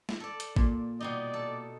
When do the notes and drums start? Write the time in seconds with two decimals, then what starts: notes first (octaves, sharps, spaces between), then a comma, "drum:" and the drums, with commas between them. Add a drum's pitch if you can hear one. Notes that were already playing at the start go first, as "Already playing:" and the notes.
0.09 drum: snare
0.20 A4 D5
0.40 drum: hi-hat
0.56 A#2, drum: kick G#1
1.01 B2 G3 D#4 D5
1.34 A4